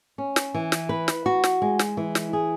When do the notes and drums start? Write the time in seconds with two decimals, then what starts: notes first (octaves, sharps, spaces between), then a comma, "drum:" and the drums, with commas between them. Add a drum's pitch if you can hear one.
0.18 C#4
0.36 drum: snare
0.54 E3
0.72 drum: snare
0.89 B4
1.08 drum: snare
1.26 F#4
1.44 drum: snare
1.62 G#3
1.79 drum: snare
1.97 E3
2.15 drum: snare
2.33 G#4